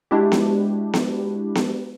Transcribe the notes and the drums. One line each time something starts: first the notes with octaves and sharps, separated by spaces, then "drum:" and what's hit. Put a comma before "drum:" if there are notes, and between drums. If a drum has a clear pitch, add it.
G#3 D4 E4 F#4 G4
drum: snare B3
drum: snare B3
drum: snare B3